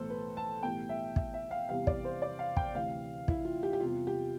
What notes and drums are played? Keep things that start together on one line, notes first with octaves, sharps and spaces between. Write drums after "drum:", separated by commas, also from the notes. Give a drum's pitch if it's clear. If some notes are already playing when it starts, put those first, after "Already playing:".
Already playing: B1 A2 E3 A4 C5
B4
A5
B1 A2 E3 G3 G5
E5
E5, drum: kick
E5
F5
E2 C3 E3 G3 F5
D5, drum: kick
C5
D5
F5
G5, drum: kick
D2 C3 E3 F5
E4, drum: kick
F4
G4
G4
E2 C3 G3 F4
G4